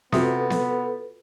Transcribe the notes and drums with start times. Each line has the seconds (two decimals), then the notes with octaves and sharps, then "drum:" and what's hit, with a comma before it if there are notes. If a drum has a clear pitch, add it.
0.12 C3 B3 F4 F#4 A4 B4 D#6, drum: snare B3
0.50 drum: snare B3